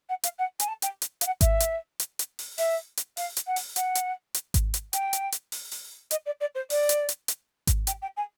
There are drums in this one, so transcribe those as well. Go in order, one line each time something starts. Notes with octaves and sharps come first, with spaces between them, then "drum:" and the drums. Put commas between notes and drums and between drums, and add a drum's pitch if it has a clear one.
F#5
F5, drum: hi-hat
F#5
G#5, drum: hi-hat
A5
G5, drum: hi-hat
drum: hi-hat
F5, drum: hi-hat
F#5
E5, drum: kick G#1, hi-hat
drum: hi-hat
drum: hi-hat
drum: hi-hat
drum: open hi-hat
E5, drum: open hi-hat
drum: hi-hat
F5, drum: open hi-hat
drum: hi-hat
F#5
drum: open hi-hat
F#5, drum: hi-hat
drum: hi-hat
drum: hi-hat
drum: kick G#1, hi-hat
drum: hi-hat
G5, drum: hi-hat
drum: hi-hat
drum: hi-hat
drum: open hi-hat
drum: open hi-hat
D#5, drum: hi-hat
D5
D5
C5
D5, drum: open hi-hat
drum: hi-hat
drum: hi-hat
drum: hi-hat
drum: kick G#1, hi-hat
G5, drum: hi-hat
G5
G#5